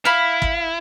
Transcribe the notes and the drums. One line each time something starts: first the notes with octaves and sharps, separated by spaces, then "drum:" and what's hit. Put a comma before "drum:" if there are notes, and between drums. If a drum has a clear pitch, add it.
E4 F5 B5
drum: kick